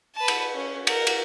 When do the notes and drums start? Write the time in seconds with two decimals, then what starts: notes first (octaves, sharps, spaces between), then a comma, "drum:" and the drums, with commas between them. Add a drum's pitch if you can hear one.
0.16 B4 A5
0.28 drum: cymbal
0.54 C#4
0.87 A#4, drum: cymbal
1.07 drum: cymbal